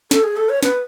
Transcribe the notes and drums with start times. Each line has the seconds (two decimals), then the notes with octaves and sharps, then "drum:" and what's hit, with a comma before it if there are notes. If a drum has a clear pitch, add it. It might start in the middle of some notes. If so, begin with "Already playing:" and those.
0.11 A4, drum: snare
0.24 G#4
0.37 A4
0.49 C#5
0.63 B4, drum: snare